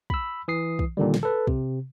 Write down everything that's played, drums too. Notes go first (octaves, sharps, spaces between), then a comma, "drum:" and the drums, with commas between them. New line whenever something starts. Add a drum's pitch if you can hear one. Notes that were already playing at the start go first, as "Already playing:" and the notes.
B5 E6, drum: kick
E3 D#6 C7
drum: kick
A#2 D3 D#3 G3
drum: snare
A4 B4
C3, drum: kick